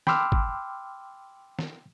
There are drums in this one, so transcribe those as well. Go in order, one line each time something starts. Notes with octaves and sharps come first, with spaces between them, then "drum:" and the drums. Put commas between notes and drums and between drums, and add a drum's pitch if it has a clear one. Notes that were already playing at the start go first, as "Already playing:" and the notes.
G5 B5 C6 D6 E6 F6, drum: snare
drum: kick
drum: snare